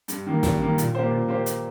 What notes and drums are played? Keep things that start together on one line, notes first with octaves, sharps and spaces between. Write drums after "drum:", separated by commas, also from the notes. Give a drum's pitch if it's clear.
G2, drum: hi-hat
D#3 A#3
G2, drum: snare
D#3 A#3
A#2, drum: hi-hat
A#3 G4 C5
A#2
A#3 G4 C5
drum: hi-hat